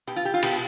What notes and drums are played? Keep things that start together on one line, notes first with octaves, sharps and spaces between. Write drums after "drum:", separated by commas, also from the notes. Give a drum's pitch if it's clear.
B2 G4
F4
G4
F4
B2 G4, drum: cymbal